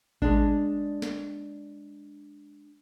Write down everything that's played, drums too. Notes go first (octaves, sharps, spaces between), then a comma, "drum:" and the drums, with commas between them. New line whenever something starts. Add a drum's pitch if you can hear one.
G#3 D4, drum: kick G#1
drum: snare